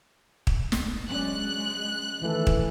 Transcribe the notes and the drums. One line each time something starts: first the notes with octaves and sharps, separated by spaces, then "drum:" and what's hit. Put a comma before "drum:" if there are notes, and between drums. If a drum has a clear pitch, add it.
drum: kick
drum: snare
F#3 G#3 C#4 D5 F#6
D#3 E3 A3 A4
drum: kick